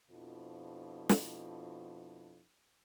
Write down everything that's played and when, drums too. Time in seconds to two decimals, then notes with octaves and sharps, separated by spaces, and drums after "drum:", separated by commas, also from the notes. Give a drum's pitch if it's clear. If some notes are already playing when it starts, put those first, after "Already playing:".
0.10 F2 B2 F3 D4 E4
1.09 drum: snare